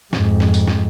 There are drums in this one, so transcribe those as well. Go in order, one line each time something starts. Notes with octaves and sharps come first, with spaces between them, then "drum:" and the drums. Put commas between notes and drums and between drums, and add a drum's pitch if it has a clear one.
F2 G#2, drum: snare
drum: snare
drum: tambourine
drum: snare